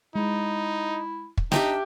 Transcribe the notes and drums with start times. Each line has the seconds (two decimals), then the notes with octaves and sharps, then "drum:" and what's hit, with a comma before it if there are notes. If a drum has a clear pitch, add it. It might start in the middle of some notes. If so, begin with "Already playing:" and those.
0.15 G#3 D#4 E4
1.38 drum: kick
1.52 D4 D#4 G4 E5 G5, drum: snare